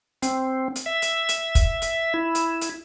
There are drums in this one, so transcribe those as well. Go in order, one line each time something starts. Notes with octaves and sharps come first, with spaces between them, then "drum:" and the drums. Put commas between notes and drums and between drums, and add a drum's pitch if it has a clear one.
C4, drum: hi-hat
drum: hi-hat
E5
drum: hi-hat
drum: hi-hat
drum: kick, hi-hat
drum: hi-hat
E4
drum: hi-hat
drum: hi-hat